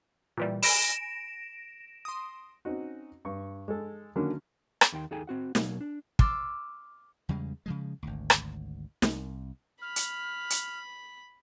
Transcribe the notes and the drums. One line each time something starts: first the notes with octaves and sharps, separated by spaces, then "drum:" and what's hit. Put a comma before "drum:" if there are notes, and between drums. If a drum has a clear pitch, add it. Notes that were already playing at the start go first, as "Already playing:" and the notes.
A#2 E3 G3
G#5 B5 A#6 D7 E7, drum: open hi-hat
C6 D#6
C4 C#4 D#4 F#4
G2 C#6
G#3 A4
D3 D#3 F#3 A#3 C#4 D4
drum: rim click
D#2 D#3 G5 C6
D#2 D#4 G#4 A4 G5 G#5
C4 F#4 F#5
B2 F#3 A#3, drum: snare
D4
C6 D6 E6 F6 A6, drum: kick
E2 C#3 G3 G#3
C#3 F3 G#3
G#1 D2
drum: rim click
C2, drum: snare
B5 F6
drum: hi-hat
drum: hi-hat